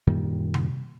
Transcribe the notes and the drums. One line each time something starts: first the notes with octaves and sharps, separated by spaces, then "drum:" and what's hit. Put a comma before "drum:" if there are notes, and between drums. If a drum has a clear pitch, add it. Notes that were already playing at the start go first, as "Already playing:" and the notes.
F#2 A#2 D#3 G3
drum: tom C3